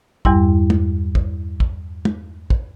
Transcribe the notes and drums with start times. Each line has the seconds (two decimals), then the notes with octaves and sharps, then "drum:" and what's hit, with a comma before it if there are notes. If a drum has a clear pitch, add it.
0.25 E2 G2 G3 E4 C6, drum: kick
0.70 drum: tom
1.15 drum: kick
1.60 drum: kick
2.05 drum: tom
2.50 drum: kick